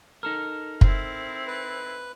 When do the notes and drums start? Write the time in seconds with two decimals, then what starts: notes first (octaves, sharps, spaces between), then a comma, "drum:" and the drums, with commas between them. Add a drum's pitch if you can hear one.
0.23 D#4 A4 A#4 F6
0.81 C4 E4, drum: kick
1.47 B4